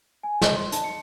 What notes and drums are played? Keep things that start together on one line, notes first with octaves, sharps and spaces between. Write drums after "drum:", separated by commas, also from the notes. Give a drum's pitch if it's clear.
G#5
D#5, drum: snare
C6
A5, drum: hi-hat
C#7